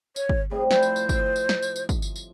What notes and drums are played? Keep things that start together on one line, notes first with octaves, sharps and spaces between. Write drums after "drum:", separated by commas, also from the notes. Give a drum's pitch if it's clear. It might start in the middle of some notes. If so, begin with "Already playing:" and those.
C#5, drum: tambourine
drum: kick
A2 C3 G3 G#4
F3 E4 C5, drum: snare
drum: tambourine
drum: tambourine
drum: kick, tambourine
D#5
drum: tambourine
drum: snare
drum: tambourine
drum: tambourine
drum: kick, tambourine
drum: tambourine
drum: tambourine